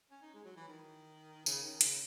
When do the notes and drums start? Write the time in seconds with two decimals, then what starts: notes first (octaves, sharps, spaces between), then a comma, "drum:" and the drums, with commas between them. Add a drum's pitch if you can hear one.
0.11 C#4
0.22 D#4
0.34 G#3
0.45 F#3
0.56 E3
0.68 D#3
1.46 C#3, drum: tambourine
1.63 D#3
1.81 C#3, drum: hi-hat